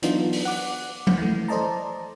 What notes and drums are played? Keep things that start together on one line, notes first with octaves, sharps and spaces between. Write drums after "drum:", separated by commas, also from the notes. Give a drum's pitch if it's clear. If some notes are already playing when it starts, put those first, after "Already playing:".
E3 F#3 B3 D4 D#4 F4, drum: hi-hat
drum: open hi-hat
F#5 D6
drum: tom F3
E3 A3
A4 C5 D5 D#5 A5 A#5